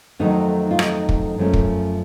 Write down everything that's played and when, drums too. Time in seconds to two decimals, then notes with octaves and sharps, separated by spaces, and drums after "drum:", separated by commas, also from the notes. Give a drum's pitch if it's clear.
0.19 F2 D#3 F#3 A3 D#4
0.71 F4
0.79 D#4, drum: rim click
1.09 drum: kick
1.38 F#2 F3 A3 C#4
1.54 drum: kick